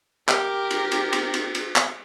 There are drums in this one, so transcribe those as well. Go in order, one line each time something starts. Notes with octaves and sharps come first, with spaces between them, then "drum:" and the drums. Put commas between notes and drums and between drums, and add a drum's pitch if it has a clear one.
G4 A#4, drum: clap
drum: cymbal
drum: cymbal
drum: cymbal
drum: cymbal
drum: cymbal
drum: clap